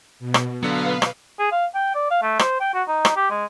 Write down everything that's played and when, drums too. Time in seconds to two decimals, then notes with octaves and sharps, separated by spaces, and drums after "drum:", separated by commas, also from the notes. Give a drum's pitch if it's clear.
0.19 B2
0.34 drum: rim click
0.63 D3 F#3 B3 B4 F5
1.02 drum: rim click
1.39 G#4
1.52 F5
1.75 G5
1.94 D5
2.11 F5
2.22 A3
2.39 C5, drum: rim click
2.60 G5
2.74 F#4
2.88 D#4
3.05 drum: rim click
3.16 G4
3.30 G#3